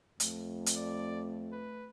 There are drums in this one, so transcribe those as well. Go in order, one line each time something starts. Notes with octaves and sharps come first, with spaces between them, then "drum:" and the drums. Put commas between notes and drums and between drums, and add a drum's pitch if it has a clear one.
F2 A3, drum: hi-hat
drum: hi-hat
D5
B4